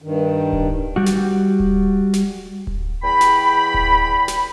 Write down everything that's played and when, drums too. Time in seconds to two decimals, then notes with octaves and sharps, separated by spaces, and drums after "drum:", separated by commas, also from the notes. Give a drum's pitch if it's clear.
0.02 G2 D#3
0.53 drum: kick D1
0.96 G3 F#4
1.06 drum: snare
1.60 drum: kick D1
2.13 drum: snare
2.67 drum: kick D1
3.03 E2 G5 B5
3.21 drum: snare
3.74 drum: kick D1
4.28 drum: snare